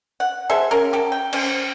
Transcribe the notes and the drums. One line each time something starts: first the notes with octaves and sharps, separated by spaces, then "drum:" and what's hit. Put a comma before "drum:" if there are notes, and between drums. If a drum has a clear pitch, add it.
F#5
G#4 A4 C5 E5
C#4 A#4
G4 A4
G5
C#4 C5, drum: cymbal